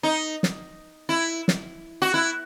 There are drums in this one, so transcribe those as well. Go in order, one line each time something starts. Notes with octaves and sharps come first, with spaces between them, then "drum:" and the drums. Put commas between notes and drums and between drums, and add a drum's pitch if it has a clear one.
D#4
drum: snare
E4
drum: snare
F#4
E4